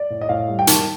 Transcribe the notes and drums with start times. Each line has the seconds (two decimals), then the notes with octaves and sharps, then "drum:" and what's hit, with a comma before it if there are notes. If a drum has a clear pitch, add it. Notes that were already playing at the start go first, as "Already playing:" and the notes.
Already playing: D5
0.10 A2
0.21 D#5
0.29 A2 F5
0.48 G3
0.59 G5
0.67 D#3 A5, drum: hi-hat